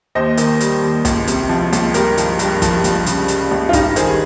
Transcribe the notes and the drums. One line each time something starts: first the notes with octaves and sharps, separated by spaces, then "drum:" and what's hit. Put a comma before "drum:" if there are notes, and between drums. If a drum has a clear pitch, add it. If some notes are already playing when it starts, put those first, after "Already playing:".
D#2 C5 D#5
D#3, drum: hi-hat
G3, drum: hi-hat
D#2
C#2, drum: kick, hi-hat
C3, drum: hi-hat
F3
C#2, drum: hi-hat
G2 G4 A#4, drum: hi-hat
F3, drum: hi-hat
G2, drum: hi-hat
F3, drum: kick, hi-hat
C#2, drum: hi-hat
C#3, drum: hi-hat
G3, drum: hi-hat
C#2
F4
G2 D#4 G4, drum: kick, hi-hat
D#3 G#4 C5, drum: hi-hat